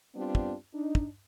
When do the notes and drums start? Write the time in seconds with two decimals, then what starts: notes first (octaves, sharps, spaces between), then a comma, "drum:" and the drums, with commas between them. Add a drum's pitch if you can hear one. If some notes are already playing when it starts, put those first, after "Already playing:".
0.15 G3 B3 C4 D4 F4 G4
0.35 drum: kick
0.73 D4 D#4
0.95 drum: kick